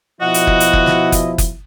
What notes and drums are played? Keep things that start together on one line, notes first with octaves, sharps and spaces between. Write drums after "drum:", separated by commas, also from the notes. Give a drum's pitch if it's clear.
B2 F3 E4 F#4 D#5 F#5
drum: hi-hat
drum: kick F#1
drum: hi-hat
drum: kick F#1
drum: snare
drum: kick F#1, hi-hat
drum: kick F#1, hi-hat